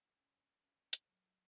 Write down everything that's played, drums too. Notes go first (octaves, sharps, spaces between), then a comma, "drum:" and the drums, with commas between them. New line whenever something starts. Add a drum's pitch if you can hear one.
C#4
C#4
drum: hi-hat
F#3